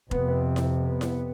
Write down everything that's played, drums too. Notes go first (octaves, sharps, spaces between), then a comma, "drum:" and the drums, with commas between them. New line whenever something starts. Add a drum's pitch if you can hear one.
F2 C3 B3, drum: kick F1
drum: snare E4
B3
drum: snare E4